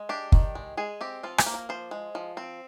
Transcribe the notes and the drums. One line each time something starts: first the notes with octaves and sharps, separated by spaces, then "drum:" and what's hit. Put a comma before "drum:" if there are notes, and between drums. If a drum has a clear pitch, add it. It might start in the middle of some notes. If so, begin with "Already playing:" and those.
Already playing: G#3
D4 G4
D#3, drum: kick
G#3
G#3 G#4
C4 G4
F3 F4
G4, drum: rim click
A#3
A#4
F3 C5
G#3
F3
C4